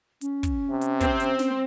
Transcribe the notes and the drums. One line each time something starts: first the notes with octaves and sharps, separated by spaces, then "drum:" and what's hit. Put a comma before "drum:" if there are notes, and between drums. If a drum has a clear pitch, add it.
C#4, drum: hi-hat
drum: kick, hi-hat
C3
drum: hi-hat
C4, drum: kick, hi-hat
drum: hi-hat
drum: snare